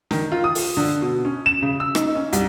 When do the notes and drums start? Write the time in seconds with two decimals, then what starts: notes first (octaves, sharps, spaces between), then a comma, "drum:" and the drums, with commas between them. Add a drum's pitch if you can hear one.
0.11 D#3, drum: snare
0.32 F4
0.44 D#6
0.55 drum: open hi-hat
0.77 D3
1.02 B2
1.25 C#4
1.46 E7
1.62 C#3
1.80 E6
1.95 D#4, drum: rim click
2.15 C#4
2.33 C2, drum: hi-hat